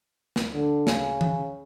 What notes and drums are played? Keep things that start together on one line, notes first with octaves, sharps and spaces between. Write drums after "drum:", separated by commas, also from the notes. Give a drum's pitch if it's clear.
drum: snare
D3
C#3, drum: snare
drum: tom E3